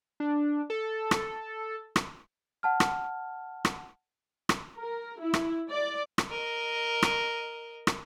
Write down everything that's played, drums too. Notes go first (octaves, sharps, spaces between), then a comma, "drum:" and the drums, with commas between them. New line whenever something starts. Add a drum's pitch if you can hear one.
D4
A4
drum: rim click
drum: rim click
F#5 A5 F6
drum: rim click
drum: rim click
drum: rim click
A#4
E4
drum: rim click
D5
drum: rim click
A#4 D#5
drum: rim click
drum: rim click